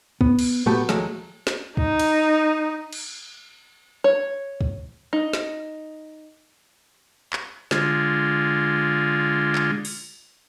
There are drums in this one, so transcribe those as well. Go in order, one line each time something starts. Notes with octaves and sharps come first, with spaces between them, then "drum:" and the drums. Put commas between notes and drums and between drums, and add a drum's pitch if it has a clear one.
B3, drum: kick
drum: cymbal
F#3 A3 B3 G4 A5, drum: tom A2
D#2 F3 F#3 G#3 A3, drum: snare
drum: snare
D#4, drum: kick
drum: cymbal
drum: cymbal
C#5
drum: kick
D#4
drum: snare
drum: clap
D3 G#3 F4, drum: snare
drum: clap
drum: open hi-hat